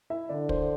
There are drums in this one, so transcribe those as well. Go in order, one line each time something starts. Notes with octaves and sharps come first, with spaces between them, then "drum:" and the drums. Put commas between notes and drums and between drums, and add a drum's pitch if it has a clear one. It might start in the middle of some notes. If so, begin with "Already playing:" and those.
E4 E5
D3 D4 D5
C5, drum: kick